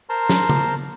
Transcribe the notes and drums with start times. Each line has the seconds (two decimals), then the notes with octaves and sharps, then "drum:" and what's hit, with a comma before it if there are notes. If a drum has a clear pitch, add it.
0.10 A#4 C5 A5 A#5 C6
0.29 drum: snare
0.49 drum: tom C#3